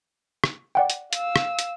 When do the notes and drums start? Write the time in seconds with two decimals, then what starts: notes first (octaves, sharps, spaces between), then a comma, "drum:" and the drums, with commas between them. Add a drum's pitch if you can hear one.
0.44 drum: rim click
0.75 D5 F#5 G5
0.90 drum: hi-hat
1.13 F5 E6, drum: hi-hat
1.36 drum: rim click
1.59 drum: hi-hat